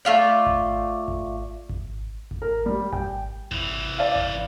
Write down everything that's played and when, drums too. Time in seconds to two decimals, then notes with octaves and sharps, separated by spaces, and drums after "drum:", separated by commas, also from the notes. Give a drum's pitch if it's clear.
0.05 A3 F4 D5
0.46 drum: kick G#1
1.08 drum: kick G#1
1.69 drum: kick G#1
2.31 drum: kick G#1
2.42 A#4
2.66 G3
2.93 G5, drum: kick G#1
3.51 C2 E3, drum: kick G#1
3.99 D5 F5
4.16 drum: kick G#1